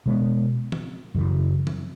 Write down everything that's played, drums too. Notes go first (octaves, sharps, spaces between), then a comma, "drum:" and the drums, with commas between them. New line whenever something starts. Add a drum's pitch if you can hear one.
B2 G#3 B3
drum: tom E3
F#2 C#3 E3
drum: tom E3